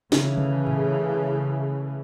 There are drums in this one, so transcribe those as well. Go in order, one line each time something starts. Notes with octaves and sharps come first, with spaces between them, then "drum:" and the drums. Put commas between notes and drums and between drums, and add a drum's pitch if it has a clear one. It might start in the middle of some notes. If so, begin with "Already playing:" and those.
C#3 E3 A3, drum: snare
drum: tom D3
drum: tom A2